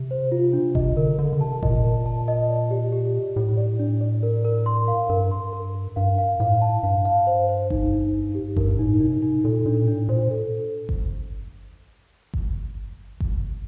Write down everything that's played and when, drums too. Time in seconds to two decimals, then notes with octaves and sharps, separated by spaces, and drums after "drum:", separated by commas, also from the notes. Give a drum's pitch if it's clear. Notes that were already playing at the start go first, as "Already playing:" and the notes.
Already playing: C3
0.11 C5
0.32 F4
0.53 D4
0.75 C3 D#5, drum: kick G1
0.96 D3 A#4
1.19 D3 A#4
1.33 D3
1.41 C3 A5
1.63 A#2 D#5, drum: kick G1
1.84 A#4
2.06 A5
2.28 D#5
2.49 D5
2.71 G4
2.92 G4
3.14 G4
3.36 A2 G4
3.57 D5
3.79 D4
4.01 D5
4.23 A#4
4.45 A#4
4.66 C6
4.88 F5
5.09 G2 A#4
5.31 C6
5.53 A#4
5.75 A#4
5.96 G2 F5
6.18 F5
6.40 A2 F5
6.61 A5
6.83 G2 F5
7.05 F5
7.27 C5
7.49 C5
7.70 D#4, drum: kick G1
7.92 D#4
8.14 D#4
8.35 G4
8.57 G2 A#4, drum: kick G1
8.78 A2 D#4
9.00 C3 D#4
9.22 D#4
9.44 A#2 A4
9.66 A#2 D4
9.87 A2 D4
10.09 A#2 C5
10.31 A4
10.89 drum: kick G1
12.34 drum: kick G1
13.20 drum: kick G1